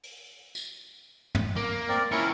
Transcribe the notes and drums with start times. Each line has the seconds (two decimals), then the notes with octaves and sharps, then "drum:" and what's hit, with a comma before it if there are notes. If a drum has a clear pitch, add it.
0.03 drum: open hi-hat
0.55 drum: tambourine
1.35 drum: tom
1.56 A#3
1.89 C4 A#4 D5
2.12 C#4 E4 F4 A#4 C#5